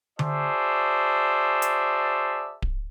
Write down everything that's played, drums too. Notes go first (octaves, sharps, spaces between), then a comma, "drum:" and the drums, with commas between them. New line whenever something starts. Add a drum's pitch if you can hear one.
F#4 G#4 C5 D5 E5 A5, drum: tom D3
drum: hi-hat
drum: kick D1